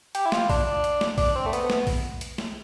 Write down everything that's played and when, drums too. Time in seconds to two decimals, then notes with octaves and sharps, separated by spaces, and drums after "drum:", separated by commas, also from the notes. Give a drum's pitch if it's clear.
0.15 G4, drum: hi-hat
0.26 E4
0.32 F4, drum: snare
0.50 D4, drum: kick A#1, open hi-hat
0.67 D4
0.84 drum: hi-hat
1.01 drum: snare
1.18 D4, drum: kick A#1, open hi-hat
1.36 C4
1.46 A3
1.53 B3, drum: hi-hat
1.70 drum: snare
1.87 drum: kick A#1, open hi-hat
2.21 drum: hi-hat
2.38 drum: snare